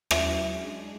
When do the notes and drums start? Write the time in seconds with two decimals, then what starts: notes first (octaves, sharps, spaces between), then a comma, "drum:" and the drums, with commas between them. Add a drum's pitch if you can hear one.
0.11 F#3 C#4 E4 E5, drum: rim click
0.29 E5
0.47 G#3 D4 G#4